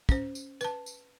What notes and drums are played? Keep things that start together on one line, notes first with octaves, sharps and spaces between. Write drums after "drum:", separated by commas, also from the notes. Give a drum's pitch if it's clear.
C#4 C5, drum: kick, tambourine
drum: tambourine
B4 A5, drum: tambourine
drum: tambourine